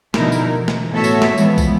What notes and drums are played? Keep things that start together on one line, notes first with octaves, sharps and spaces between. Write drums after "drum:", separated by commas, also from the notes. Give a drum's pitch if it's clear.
B2 D3 F3 D#4 E4 A#4, drum: snare
drum: tambourine
E3
drum: snare
A2 B3 F#4 A4 C#5 E5
drum: tambourine
drum: snare
E3 F3 G#3 B3, drum: tambourine
drum: kick, tambourine